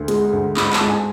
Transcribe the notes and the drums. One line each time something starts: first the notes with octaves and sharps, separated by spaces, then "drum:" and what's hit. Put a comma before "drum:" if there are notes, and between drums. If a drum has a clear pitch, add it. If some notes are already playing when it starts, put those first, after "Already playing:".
Already playing: D2
G#3, drum: hi-hat
D2
G#2 B5, drum: clap
B5
A5, drum: clap
G#2
G#5